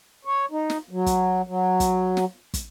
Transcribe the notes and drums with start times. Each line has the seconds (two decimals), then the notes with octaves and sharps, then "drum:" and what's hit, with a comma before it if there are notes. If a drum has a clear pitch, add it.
0.25 C#5
0.51 D#4
0.70 drum: snare
0.91 F#3
1.06 drum: kick, hi-hat
1.47 F#3
1.80 drum: kick, hi-hat
2.17 drum: snare
2.54 drum: kick, hi-hat